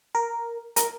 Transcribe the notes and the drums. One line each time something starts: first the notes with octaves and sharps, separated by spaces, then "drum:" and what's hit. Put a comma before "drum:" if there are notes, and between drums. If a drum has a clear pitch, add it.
A#4
A#4, drum: hi-hat